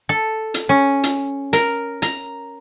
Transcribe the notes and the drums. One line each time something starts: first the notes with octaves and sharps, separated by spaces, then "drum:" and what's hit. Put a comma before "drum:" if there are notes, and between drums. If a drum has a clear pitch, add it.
A4
drum: hi-hat
C#4
drum: hi-hat
A#4, drum: hi-hat
A#5, drum: hi-hat